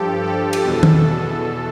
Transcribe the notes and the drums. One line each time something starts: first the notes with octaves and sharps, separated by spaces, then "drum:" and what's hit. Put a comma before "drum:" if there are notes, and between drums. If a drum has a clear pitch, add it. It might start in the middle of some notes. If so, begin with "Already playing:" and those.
Already playing: G2 F3 G4 A4
A4
drum: cymbal
E2 B2
drum: tom